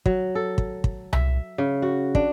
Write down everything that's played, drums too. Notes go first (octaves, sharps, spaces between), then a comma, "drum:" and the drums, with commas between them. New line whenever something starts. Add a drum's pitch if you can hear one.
F#3, drum: kick
A4
drum: kick
drum: kick
E5, drum: tom C2
C#3
F#4
D4, drum: kick